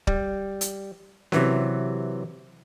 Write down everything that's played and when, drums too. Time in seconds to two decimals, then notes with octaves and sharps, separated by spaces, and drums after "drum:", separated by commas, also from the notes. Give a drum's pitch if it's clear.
0.07 G3, drum: kick D1
0.61 drum: hi-hat
1.32 C3 E3 F#3, drum: snare C#4